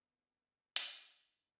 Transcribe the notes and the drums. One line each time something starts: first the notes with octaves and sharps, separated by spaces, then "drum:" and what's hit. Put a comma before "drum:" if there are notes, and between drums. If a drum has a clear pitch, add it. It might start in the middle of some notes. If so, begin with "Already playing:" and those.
Already playing: B3
D#4, drum: hi-hat